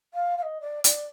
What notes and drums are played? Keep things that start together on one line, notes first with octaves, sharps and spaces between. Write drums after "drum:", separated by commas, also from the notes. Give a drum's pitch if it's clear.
F5
F5
D#5
D5
D5, drum: hi-hat